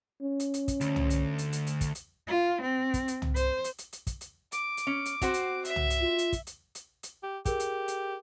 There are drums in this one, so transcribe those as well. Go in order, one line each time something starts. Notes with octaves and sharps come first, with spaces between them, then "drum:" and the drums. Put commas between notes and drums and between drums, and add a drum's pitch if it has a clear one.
C#4
drum: hi-hat
drum: hi-hat
drum: kick, hi-hat
D2, drum: hi-hat
drum: tom
drum: hi-hat
drum: hi-hat
drum: hi-hat
drum: hi-hat
drum: kick, hi-hat
drum: hi-hat
F4
C4
drum: kick, hi-hat
drum: hi-hat
drum: tom
C5, drum: hi-hat
drum: hi-hat
drum: hi-hat
drum: hi-hat
drum: kick, hi-hat
drum: hi-hat
D6, drum: hi-hat
drum: hi-hat
C#4
drum: hi-hat
C4 F#4 C5, drum: kick, hi-hat
drum: hi-hat
E5, drum: hi-hat
drum: tom
drum: hi-hat
F4
drum: hi-hat
drum: kick, hi-hat
drum: hi-hat
drum: hi-hat
drum: hi-hat
G4
G4 G#4 A#4, drum: kick, hi-hat
drum: hi-hat
drum: hi-hat